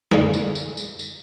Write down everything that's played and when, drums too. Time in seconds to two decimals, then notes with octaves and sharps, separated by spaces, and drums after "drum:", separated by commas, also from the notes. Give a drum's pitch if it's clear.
0.11 D3 A#3 G#4, drum: snare
0.33 drum: tambourine
0.55 drum: tambourine
0.77 drum: tambourine
0.99 drum: tambourine